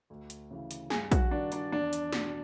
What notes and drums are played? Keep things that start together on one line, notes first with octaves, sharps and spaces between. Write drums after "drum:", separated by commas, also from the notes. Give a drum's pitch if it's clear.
D2
drum: hi-hat
C#3 E3
drum: hi-hat
G2 G#4 G#5, drum: snare
F#4 F#5, drum: kick, hi-hat
D#3 D4 D5
D4 D5, drum: hi-hat
E2 D4 D5
drum: hi-hat
B2, drum: snare